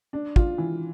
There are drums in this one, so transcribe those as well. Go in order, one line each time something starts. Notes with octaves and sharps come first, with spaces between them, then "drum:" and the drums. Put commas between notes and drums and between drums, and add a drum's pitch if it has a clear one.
D4
F4, drum: kick
E3